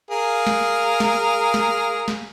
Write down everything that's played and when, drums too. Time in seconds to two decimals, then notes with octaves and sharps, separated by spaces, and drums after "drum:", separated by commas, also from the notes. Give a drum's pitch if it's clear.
0.11 G#4 A#4 F5
0.47 drum: snare
1.00 drum: snare
1.54 drum: snare
2.08 drum: snare